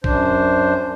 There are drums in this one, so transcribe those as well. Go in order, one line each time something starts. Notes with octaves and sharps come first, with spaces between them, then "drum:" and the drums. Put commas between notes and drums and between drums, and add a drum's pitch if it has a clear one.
F#2 D4 C5, drum: kick A#1